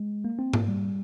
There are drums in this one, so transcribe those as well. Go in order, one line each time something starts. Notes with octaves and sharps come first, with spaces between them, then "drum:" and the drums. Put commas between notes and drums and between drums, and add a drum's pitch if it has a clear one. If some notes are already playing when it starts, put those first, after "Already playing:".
Already playing: G#3
A#3
C4
A#3, drum: tom G#2
G3